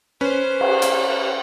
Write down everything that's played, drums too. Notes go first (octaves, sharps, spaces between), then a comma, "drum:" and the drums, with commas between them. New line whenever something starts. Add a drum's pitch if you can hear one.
C#4 B4 C5
drum: cymbal
drum: hi-hat